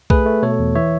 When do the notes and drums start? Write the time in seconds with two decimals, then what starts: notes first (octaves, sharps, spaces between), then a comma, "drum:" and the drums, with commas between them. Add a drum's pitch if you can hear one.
0.10 A3 G#4 B4, drum: kick B1
0.26 A3
0.43 B2 A4 C#5
0.59 E2
0.75 E3 C#5 E5